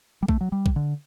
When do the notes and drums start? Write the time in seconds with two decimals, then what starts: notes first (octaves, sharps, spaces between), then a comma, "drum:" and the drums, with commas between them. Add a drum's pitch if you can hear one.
0.23 G3
0.29 A3, drum: kick
0.41 F#3
0.52 G3
0.66 drum: kick
0.76 D3